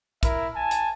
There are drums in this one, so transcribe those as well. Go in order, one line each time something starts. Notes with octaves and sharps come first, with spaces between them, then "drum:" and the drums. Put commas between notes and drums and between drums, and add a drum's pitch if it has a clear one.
E4 A#4 E5, drum: kick, hi-hat
G#5 A5
drum: hi-hat